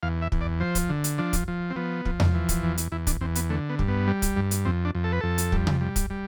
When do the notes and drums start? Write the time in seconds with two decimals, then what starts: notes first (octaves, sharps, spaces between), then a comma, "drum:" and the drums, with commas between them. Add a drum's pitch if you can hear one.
0.03 E2 F5
0.22 E5
0.32 E2, drum: kick
0.41 D5
0.60 F3 C5
0.75 drum: kick, hi-hat
0.90 D3
1.04 drum: hi-hat
1.18 F3 D4
1.33 drum: kick, hi-hat
1.48 F3
1.70 C4
1.76 F3 B3
2.05 F3, drum: kick
2.20 drum: tom E2
2.34 E3
2.49 drum: kick, hi-hat
2.63 E2
2.78 drum: hi-hat
2.92 E2 E4
3.07 D4, drum: kick, hi-hat
3.21 E2 C4
3.35 B3, drum: hi-hat
3.50 D3 A3
3.69 B3
3.79 G2, drum: kick
3.88 B3
4.07 G3
4.22 drum: kick, hi-hat
4.36 G2
4.51 drum: hi-hat
4.65 F2 C4
4.85 D4
4.95 F2
5.04 A4
5.12 B4
5.21 F2 A4
5.38 drum: hi-hat
5.52 G3, drum: kick
5.67 drum: tom C3
5.81 G3
5.96 drum: kick, hi-hat
6.10 G3